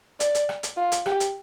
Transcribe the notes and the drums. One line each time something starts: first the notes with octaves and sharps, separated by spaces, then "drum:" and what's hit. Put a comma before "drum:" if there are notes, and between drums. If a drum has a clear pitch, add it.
D5, drum: hi-hat
drum: hi-hat
drum: rim click
drum: hi-hat
F4
drum: hi-hat
G4, drum: rim click
drum: hi-hat